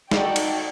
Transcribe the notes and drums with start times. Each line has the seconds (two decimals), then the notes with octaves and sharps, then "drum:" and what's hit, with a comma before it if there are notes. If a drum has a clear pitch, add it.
0.11 D#4 F#4 A4 D5 G5, drum: snare
0.36 drum: cymbal